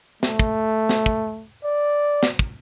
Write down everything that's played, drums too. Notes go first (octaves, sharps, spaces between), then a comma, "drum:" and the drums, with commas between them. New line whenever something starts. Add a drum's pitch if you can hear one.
A3, drum: snare
drum: kick
drum: snare
drum: kick
D5
drum: snare
drum: kick